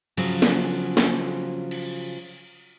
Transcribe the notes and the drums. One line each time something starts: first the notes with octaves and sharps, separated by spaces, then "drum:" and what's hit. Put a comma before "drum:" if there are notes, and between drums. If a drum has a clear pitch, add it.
C#3 F3 F#3, drum: cymbal
drum: snare
drum: snare
drum: cymbal